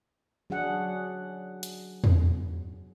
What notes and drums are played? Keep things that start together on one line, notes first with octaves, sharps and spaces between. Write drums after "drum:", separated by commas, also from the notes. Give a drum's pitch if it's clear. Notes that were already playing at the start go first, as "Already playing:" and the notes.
F#3 D4 G#4 F#5
drum: hi-hat
drum: tom E2